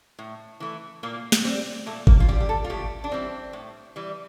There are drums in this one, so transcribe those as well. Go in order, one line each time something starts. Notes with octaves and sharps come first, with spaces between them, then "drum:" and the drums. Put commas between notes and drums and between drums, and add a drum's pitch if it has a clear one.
A2
E3 A3
A#2 A#3
drum: snare
G3 C4
A#2 A3
A#3, drum: kick G1
F4
G3 G4
G4
A4
F4
A2 G4
D4
E3 G3 C4
A2
E3 G3